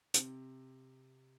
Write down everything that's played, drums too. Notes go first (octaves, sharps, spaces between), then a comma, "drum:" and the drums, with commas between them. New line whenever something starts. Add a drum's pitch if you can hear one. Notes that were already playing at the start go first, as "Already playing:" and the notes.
C3, drum: hi-hat